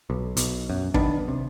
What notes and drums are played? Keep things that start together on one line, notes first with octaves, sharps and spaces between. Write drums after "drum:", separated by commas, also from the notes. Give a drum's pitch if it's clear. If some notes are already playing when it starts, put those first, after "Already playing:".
B1
B1, drum: hi-hat
F#2
B1 D#3 B3 D4, drum: kick
C3